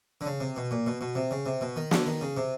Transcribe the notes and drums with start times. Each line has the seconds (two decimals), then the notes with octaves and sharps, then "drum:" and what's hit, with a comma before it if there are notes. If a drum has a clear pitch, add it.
0.21 D3
0.26 C#3
0.41 C3
0.56 B2
0.71 A#2
0.87 B2
1.01 B2
1.15 C3
1.31 C#3
1.46 C3
1.61 B2
1.76 D#3
1.91 D3, drum: snare
2.06 D#3
2.21 C#3
2.37 C3